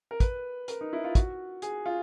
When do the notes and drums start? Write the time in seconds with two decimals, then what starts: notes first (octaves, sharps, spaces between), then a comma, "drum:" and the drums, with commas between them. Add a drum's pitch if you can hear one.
0.11 A#4
0.20 B4, drum: kick, hi-hat
0.68 A#4, drum: hi-hat
0.81 D#4
0.93 E4
1.04 F4
1.15 F#4, drum: kick, hi-hat
1.62 G#4, drum: hi-hat
1.86 F4